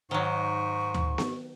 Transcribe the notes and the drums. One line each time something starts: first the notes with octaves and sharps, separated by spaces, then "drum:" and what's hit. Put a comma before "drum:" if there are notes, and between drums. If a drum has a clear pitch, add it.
G#2 D#3 F#3 C#6
drum: tom D2
drum: snare B3